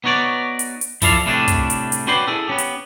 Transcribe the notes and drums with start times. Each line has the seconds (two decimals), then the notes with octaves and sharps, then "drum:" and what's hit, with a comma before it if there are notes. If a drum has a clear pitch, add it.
0.04 B3 D#4 F#4 C#5 D5
0.59 drum: hi-hat
0.81 drum: hi-hat
1.02 F3 E4 A4 D5 F5, drum: kick, open hi-hat
1.25 A2 C3 G3 A3 D4 G#4
1.48 drum: kick, hi-hat
1.70 drum: hi-hat
1.92 drum: hi-hat
2.07 C#4 F#4 B4 D5 G5 C6
2.27 E4 G#4 A4
2.48 B3 C#4 G4
2.58 drum: hi-hat